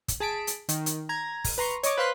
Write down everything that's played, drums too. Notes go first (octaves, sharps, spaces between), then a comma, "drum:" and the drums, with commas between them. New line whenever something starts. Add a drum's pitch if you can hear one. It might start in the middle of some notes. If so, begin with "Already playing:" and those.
drum: kick, hi-hat
G#4 A5 B6 D7
drum: hi-hat
D#3, drum: hi-hat
drum: hi-hat
A#5 G#6
drum: kick, open hi-hat
B4 A#5 C6 C#6
C#5 D#5 C#6 D6, drum: hi-hat
B4 C5 F5 C6 F#6 B6